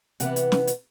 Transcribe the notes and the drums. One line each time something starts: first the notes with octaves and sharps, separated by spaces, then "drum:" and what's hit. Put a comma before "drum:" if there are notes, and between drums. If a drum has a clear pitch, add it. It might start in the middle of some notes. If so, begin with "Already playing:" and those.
C3 E3 B3 F#5, drum: hi-hat
drum: hi-hat
drum: snare
drum: hi-hat